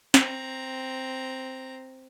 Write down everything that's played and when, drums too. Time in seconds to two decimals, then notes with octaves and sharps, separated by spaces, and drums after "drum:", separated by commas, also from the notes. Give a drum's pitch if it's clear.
0.14 C4 A#5, drum: snare